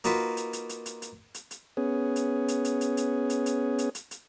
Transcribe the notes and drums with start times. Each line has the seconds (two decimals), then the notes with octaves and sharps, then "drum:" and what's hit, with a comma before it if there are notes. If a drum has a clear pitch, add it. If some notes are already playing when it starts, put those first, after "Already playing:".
0.04 A#3 D#4 F4 F#4 B4, drum: hi-hat
0.37 drum: hi-hat
0.53 drum: hi-hat
0.69 drum: hi-hat
0.86 drum: hi-hat
1.02 drum: hi-hat
1.34 drum: hi-hat
1.51 drum: hi-hat
1.77 B3 C#4 G#4
2.16 drum: hi-hat
2.48 drum: hi-hat
2.65 drum: hi-hat
2.81 drum: hi-hat
2.97 drum: hi-hat
3.30 drum: hi-hat
3.46 drum: hi-hat
3.78 drum: hi-hat
3.95 drum: hi-hat
4.11 drum: hi-hat